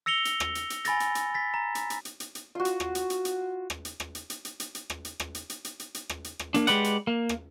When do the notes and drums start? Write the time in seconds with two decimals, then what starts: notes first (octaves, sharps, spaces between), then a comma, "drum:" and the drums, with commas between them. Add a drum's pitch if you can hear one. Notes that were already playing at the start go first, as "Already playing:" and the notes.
0.06 E6 A#6 C#7 F7 G7
0.25 drum: hi-hat
0.40 drum: rim click
0.55 drum: hi-hat
0.70 drum: hi-hat
0.85 G#5 B5 A6 A#6, drum: hi-hat
1.00 drum: hi-hat
1.15 drum: hi-hat
1.34 A6 B6
1.54 A#5
1.75 drum: hi-hat
1.90 drum: hi-hat
2.05 drum: hi-hat
2.20 drum: hi-hat
2.35 drum: hi-hat
2.55 F4 F#4
2.65 drum: hi-hat
2.80 drum: rim click
2.95 drum: hi-hat
3.10 drum: hi-hat
3.25 drum: hi-hat
3.70 drum: rim click
3.85 drum: hi-hat
4.00 drum: rim click
4.15 drum: hi-hat
4.30 drum: hi-hat
4.45 drum: hi-hat
4.60 drum: hi-hat
4.75 drum: hi-hat
4.90 drum: rim click
5.05 drum: hi-hat
5.20 drum: rim click
5.35 drum: hi-hat
5.50 drum: hi-hat
5.65 drum: hi-hat
5.80 drum: hi-hat
5.94 drum: hi-hat
6.09 drum: rim click
6.24 drum: hi-hat
6.39 drum: rim click
6.54 A#3 D4, drum: hi-hat
6.67 G#3 G4 B4 D5 F#5, drum: hi-hat
6.84 drum: hi-hat
7.07 A#3
7.29 drum: rim click